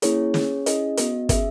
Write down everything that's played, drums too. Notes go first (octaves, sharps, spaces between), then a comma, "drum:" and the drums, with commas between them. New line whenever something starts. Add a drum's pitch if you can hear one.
A#3 C#4 E4 G#4 C#5, drum: hi-hat
C#4 G#4, drum: snare
C#4 E4 G#4 D#5, drum: hi-hat
B3 F#4, drum: hi-hat
C#4 G#4 E5, drum: kick, hi-hat